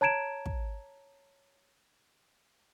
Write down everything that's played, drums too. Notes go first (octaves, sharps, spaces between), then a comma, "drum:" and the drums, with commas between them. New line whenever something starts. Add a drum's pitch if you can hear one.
C#5 A5 A#5 G#6 D7 E7
drum: kick